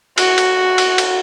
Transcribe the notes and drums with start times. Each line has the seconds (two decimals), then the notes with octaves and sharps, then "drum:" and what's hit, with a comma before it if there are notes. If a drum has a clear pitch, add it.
0.18 F#4, drum: cymbal
0.38 drum: cymbal
0.78 drum: cymbal
0.98 drum: cymbal